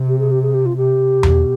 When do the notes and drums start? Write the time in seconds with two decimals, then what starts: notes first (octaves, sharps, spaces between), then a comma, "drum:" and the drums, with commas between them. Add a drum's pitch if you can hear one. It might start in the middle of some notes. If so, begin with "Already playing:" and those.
Already playing: C3
0.08 G4
0.19 G#4
0.31 G4
0.43 G#4
0.54 G4
0.66 F4
0.77 C3 G4
1.23 B2, drum: tom E2